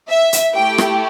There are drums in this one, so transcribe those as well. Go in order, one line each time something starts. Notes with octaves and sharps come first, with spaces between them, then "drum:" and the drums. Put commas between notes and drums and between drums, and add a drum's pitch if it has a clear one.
E5
drum: hi-hat
A3 E4 G4 G5
drum: rim click